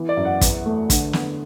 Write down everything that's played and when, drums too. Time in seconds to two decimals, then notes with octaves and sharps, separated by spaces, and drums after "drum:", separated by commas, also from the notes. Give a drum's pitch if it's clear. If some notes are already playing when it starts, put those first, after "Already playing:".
Already playing: E3 B3
0.09 D5
0.17 F#2
0.25 F#5
0.41 E2, drum: kick, hi-hat
0.66 A3
0.90 D3, drum: kick, hi-hat
1.13 B3, drum: snare